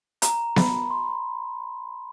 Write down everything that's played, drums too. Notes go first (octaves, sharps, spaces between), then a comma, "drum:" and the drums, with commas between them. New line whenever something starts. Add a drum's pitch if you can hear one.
A#5, drum: hi-hat
B5, drum: snare B3
C6